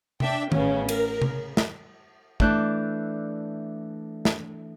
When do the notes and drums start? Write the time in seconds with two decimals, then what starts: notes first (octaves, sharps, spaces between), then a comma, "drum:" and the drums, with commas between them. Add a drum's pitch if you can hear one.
0.20 D4 E5 G5, drum: tom C3
0.52 A1 A2 C#3 B3 C#4, drum: tom
0.89 A#4, drum: cymbal
1.22 C#3, drum: tom C3
1.57 drum: snare
2.40 E3 A3 D4 D5 F#6 G6, drum: kick
4.25 drum: snare